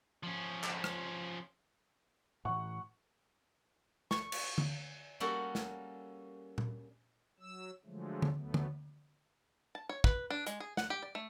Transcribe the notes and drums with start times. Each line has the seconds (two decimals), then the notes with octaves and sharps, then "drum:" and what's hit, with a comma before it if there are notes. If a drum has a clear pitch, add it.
0.23 F3 C#4
0.63 drum: clap
0.84 drum: rim click
2.45 A2 E3 F#5 C#6
4.11 C#6, drum: snare
4.32 drum: cymbal
4.58 drum: tom
5.20 G3 A#3 C#4 F#4 A4
5.55 drum: snare
6.58 drum: tom A#2
7.40 F#3 E6
7.86 D3 F3 F#3 G#3 A3
8.22 drum: tom
8.35 D2 F#3 A3 B3
8.54 drum: tom
9.75 A5
9.89 C#5
10.04 B4, drum: kick
10.30 D4
10.47 G#3, drum: hi-hat
10.60 G#4
10.77 F#5, drum: snare
10.90 G4
11.03 D5
11.15 A3